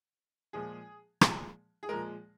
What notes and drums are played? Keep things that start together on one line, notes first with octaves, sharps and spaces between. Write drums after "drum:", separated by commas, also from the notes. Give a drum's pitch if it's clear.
A#2 F3 G#3 G#4
A#2 F3 G#3, drum: rim click
G#4
A#2 F3 G#3 A#4